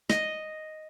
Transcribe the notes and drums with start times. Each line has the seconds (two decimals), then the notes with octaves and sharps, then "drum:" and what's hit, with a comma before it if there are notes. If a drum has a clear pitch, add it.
0.09 D#5, drum: snare